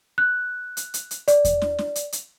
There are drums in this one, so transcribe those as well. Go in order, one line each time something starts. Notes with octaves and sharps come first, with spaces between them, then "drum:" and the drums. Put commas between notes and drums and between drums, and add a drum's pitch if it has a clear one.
F#6
drum: hi-hat
drum: hi-hat
drum: hi-hat
D5, drum: hi-hat
drum: kick E2, hi-hat
drum: snare
drum: snare
drum: hi-hat
drum: hi-hat